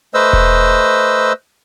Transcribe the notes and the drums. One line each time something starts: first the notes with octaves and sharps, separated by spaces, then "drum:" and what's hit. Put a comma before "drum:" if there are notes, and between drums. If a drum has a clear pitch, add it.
A3 B4 C5 D#5 E6
drum: kick E1